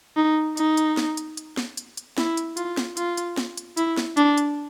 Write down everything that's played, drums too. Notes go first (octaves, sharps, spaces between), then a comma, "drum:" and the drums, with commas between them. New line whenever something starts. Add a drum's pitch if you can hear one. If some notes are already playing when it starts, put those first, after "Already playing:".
D#4
D#4, drum: hi-hat
drum: hi-hat
drum: snare
drum: hi-hat
drum: hi-hat
drum: snare
drum: hi-hat
drum: hi-hat
E4, drum: snare
drum: hi-hat
F4, drum: hi-hat
drum: snare
F4, drum: hi-hat
drum: hi-hat
drum: snare
drum: hi-hat
E4, drum: hi-hat
drum: snare
D4, drum: hi-hat
drum: hi-hat